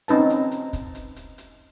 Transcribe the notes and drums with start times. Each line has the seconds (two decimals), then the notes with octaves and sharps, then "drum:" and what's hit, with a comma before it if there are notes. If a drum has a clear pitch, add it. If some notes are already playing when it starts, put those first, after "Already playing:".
0.08 C4 C#4 D#4 B4 A5, drum: hi-hat
0.30 drum: hi-hat
0.52 drum: hi-hat
0.73 drum: kick, hi-hat
0.95 drum: hi-hat
1.16 drum: hi-hat
1.38 drum: hi-hat